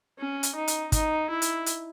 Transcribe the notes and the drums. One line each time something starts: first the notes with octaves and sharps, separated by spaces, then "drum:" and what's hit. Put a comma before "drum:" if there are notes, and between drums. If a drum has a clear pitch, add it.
C#4
drum: hi-hat
D#4
drum: hi-hat
D#4, drum: kick, hi-hat
E4
drum: hi-hat
drum: hi-hat